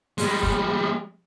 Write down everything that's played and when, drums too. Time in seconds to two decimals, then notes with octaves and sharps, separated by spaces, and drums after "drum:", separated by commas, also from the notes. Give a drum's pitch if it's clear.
0.18 G3 G#3, drum: open hi-hat
0.43 drum: kick